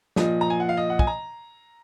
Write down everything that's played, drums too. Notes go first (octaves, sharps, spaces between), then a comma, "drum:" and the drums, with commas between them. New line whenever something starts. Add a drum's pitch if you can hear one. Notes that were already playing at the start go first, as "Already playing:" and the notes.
A#2 F3 D#5, drum: snare
A#5
G#5
F#5
F5
D#5
F#5
G#5, drum: kick
A#5